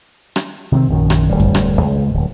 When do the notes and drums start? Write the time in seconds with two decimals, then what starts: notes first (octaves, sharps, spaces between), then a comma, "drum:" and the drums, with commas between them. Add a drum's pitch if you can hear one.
0.36 drum: rim click
0.72 C3 D#3 A#3 C4
0.89 A#1 F#2 D#3
1.10 drum: rim click
1.30 D1 G3
1.40 drum: kick F#2
1.55 drum: rim click
1.81 C#2
2.14 D1